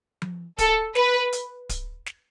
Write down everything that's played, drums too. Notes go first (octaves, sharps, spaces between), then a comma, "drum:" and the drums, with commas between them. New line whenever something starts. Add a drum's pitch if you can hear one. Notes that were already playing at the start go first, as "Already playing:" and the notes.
drum: tom F3
A4, drum: kick D1, hi-hat
B4, drum: snare
drum: hi-hat
drum: kick D1, hi-hat
drum: snare